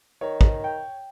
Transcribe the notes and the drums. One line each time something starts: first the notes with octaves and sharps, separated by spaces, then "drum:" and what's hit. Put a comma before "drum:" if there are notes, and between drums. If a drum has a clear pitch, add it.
D#3 C#5
drum: kick
G5